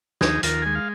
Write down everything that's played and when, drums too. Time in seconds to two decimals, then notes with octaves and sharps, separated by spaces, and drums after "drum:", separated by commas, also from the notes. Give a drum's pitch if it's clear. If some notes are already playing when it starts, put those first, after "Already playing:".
0.21 D#2 D#4 G#4, drum: snare
0.43 D#2 F4 A#4, drum: hi-hat
0.62 G#3 G#5
0.75 F5